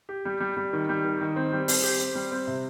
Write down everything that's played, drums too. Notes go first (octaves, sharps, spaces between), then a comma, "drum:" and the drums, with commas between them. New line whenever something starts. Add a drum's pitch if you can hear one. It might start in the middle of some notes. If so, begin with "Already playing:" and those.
G4
G3
G3
G3
D#3
G3
D#3
D#3
C4
G3
C4, drum: open hi-hat
G4
C4
G3
C4
C3